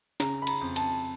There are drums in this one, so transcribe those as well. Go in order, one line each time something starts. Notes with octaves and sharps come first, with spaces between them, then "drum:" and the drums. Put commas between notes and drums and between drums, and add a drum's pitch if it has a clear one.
C#3 A#5, drum: snare
B5
A#5, drum: cymbal
F2
A5, drum: cymbal